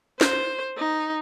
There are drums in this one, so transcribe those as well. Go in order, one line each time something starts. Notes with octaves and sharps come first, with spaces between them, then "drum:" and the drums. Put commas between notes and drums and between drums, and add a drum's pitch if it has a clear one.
C5, drum: snare
D#4